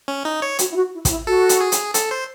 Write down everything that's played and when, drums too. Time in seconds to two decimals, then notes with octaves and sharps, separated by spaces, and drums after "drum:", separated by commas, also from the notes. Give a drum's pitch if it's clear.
0.08 C#4
0.25 D#4
0.42 C#5
0.59 F#4, drum: hi-hat
0.71 E4
0.76 F#4
0.93 E4
1.05 F#4, drum: kick, hi-hat
1.10 E4
1.27 F#4 A4
1.49 drum: hi-hat
1.61 G#4
1.72 drum: hi-hat
1.94 A4, drum: hi-hat
2.11 C5